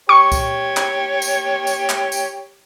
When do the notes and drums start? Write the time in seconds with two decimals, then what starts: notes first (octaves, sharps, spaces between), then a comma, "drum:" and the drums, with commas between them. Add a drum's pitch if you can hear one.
0.09 G4 C#5 C#6
0.32 drum: kick, tambourine
0.77 drum: clap
1.22 drum: tambourine
1.67 drum: tambourine
1.89 drum: clap
2.12 drum: tambourine